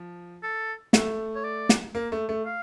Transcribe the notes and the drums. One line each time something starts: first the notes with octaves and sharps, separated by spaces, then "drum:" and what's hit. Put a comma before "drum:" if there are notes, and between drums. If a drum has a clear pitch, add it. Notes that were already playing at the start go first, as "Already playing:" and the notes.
Already playing: F3
A4
A3, drum: snare
C#5
D5
drum: snare
A#3
A3
A3
F5